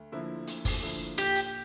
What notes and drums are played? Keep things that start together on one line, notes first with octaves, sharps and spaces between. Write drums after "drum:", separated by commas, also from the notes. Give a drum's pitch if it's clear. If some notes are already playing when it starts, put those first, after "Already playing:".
Already playing: D2
D3 F3 A#3 E4
D2, drum: hi-hat
drum: kick F#1, open hi-hat
D3 F3 A#3 E4
A#2 G4, drum: hi-hat
drum: hi-hat